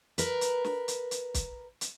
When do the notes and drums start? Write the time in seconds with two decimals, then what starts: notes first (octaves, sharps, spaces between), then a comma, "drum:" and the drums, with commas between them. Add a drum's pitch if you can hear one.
0.18 A#4 B4, drum: hi-hat
0.41 drum: hi-hat
0.64 drum: snare
0.88 drum: hi-hat
1.11 drum: hi-hat
1.34 drum: kick, hi-hat
1.81 drum: hi-hat